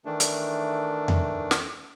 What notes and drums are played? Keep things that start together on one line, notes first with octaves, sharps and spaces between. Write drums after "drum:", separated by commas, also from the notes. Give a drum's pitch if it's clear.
D#3 E3 A3 D4
drum: hi-hat
drum: tom E2
drum: snare